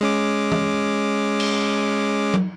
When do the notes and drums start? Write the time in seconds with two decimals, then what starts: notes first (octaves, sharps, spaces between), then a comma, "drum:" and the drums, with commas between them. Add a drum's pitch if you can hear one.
0.01 G#3 C#4 D6
0.52 drum: tom E3
1.40 drum: cymbal
2.34 drum: tom